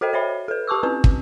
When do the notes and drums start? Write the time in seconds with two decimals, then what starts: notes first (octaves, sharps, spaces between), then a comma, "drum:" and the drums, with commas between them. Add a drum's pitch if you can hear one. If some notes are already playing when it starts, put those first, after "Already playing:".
0.01 F#4 A4 C5 D#5 G5
0.13 C5 C#5 E5 B5
0.48 A4 B4
0.67 G4 A5 C#6 D6 E6
0.83 C4 C#4 B4
1.04 drum: kick